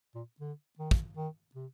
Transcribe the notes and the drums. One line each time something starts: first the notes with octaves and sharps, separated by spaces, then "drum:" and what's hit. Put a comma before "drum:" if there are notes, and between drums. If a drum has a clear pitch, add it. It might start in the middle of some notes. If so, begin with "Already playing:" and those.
A#2
D3
D#3
drum: kick
D#3
C3